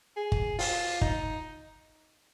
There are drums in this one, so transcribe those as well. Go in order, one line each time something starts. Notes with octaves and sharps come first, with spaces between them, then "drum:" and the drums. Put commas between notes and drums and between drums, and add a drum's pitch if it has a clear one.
G#4
drum: kick G1
F4, drum: open hi-hat
D#4, drum: kick G1